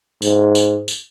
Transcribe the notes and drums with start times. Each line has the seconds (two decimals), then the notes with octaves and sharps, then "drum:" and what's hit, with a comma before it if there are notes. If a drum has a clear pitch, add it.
0.22 G#2, drum: tambourine
0.55 drum: tambourine
0.88 drum: tambourine